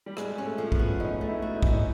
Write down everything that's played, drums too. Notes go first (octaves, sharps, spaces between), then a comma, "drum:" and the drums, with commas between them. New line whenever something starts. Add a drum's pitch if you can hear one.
G3
G#3 F#4, drum: rim click
C#4
A3
F3
B3, drum: kick
F#4
C#4 D#4
A3
E4
F#4
D#4
C#4, drum: kick
D#4